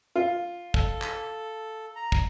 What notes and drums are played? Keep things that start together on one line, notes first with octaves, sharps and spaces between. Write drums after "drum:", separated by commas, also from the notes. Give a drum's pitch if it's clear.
F4
A4, drum: kick
drum: clap
A#5
drum: kick